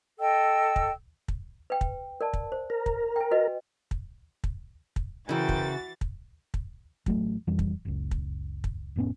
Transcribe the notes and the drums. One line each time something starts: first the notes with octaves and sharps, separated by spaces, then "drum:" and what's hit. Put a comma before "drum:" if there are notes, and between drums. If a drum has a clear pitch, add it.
A4 D#5 G5 E6
drum: kick
drum: kick
B4 G5
drum: kick
A#4 D5 A5
drum: kick
C5
A#4
drum: kick
G5 G#5
F#4 B4 D#5
drum: kick
drum: kick
drum: kick
C#3 E3 E4 F#4 A#4 C5 G5 A6
drum: kick
drum: kick
drum: kick
A1 F#3 A3, drum: kick
F2 E3 G3
drum: kick
F#1 C#2
drum: kick
drum: kick
F1 A2 B3 C#4